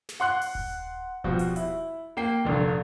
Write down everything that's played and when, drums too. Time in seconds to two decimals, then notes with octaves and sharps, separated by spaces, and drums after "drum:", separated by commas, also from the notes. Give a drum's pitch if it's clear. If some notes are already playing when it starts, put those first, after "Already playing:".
0.09 drum: snare
0.20 F#5 C6 F#6
0.41 drum: open hi-hat
0.55 drum: kick D#1
1.24 B2 F3 G3 F#4, drum: kick D#1
1.39 drum: hi-hat
1.56 E4, drum: hi-hat
2.17 A#3 G5 C7
2.45 F1 A#1 D3